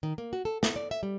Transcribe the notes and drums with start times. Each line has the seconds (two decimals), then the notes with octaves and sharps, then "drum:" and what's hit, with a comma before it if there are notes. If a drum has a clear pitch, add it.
0.03 D#3
0.18 A#3
0.33 F#4
0.45 A4
0.63 B3, drum: snare
0.76 D5
0.91 E5
1.03 G3